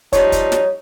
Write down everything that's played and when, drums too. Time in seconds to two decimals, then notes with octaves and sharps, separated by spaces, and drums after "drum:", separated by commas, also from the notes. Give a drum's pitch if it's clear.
0.13 F3 G3 D#4 C#5, drum: kick, hi-hat
0.32 drum: kick, hi-hat
0.52 drum: snare